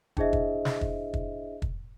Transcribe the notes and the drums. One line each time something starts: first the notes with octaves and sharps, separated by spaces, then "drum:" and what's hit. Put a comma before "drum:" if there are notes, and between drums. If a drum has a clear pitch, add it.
D4 E4 G#4 C5 D#5 E5, drum: kick
drum: kick
drum: snare
drum: kick
drum: kick
drum: kick